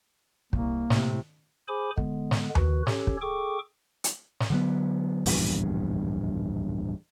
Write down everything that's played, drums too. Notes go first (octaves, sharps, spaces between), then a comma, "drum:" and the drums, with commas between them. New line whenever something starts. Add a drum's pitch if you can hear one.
C2 A#3, drum: kick
A2 C3, drum: snare
G#4 C5 G#5 B5 D6
D3 G#3 B3, drum: kick
drum: snare
D#3 F#4 B4, drum: tom D#2
C#4 G4 A4 C#5, drum: snare
drum: kick
G#4 A4 G5 C#6 D6
drum: hi-hat
drum: snare
D3 F#3 B3
D1 A#1 E2 G2, drum: open hi-hat